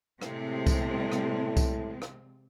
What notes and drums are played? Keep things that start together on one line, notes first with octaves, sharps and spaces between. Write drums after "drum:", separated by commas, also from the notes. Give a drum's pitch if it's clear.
A2 C3 G#3 C4, drum: rim click
drum: kick C2, tambourine
drum: rim click
drum: kick C2, tambourine
drum: rim click